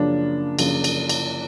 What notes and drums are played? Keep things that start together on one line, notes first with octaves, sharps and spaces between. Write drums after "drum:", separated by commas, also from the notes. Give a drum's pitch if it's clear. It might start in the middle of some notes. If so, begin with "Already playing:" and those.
Already playing: F#2 C#3 F3 A#3 D4
F#2 C#3 F3 A#3, drum: cymbal
drum: cymbal
drum: cymbal